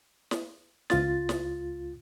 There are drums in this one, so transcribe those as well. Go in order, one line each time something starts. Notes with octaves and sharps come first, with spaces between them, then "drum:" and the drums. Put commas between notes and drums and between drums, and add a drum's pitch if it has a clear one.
drum: snare
C#2 F4 A6, drum: snare
drum: snare